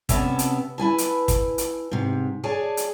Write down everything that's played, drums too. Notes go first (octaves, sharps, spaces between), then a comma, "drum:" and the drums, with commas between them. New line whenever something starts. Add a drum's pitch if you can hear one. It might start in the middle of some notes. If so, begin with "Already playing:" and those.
C3 B3 C#4 C#5 E5 A5, drum: kick, hi-hat
drum: hi-hat
E4 B4 G#5 A5
drum: hi-hat
drum: kick, hi-hat
drum: hi-hat
G#2 C3
G#4 C#5 D5 G#5 A5
drum: hi-hat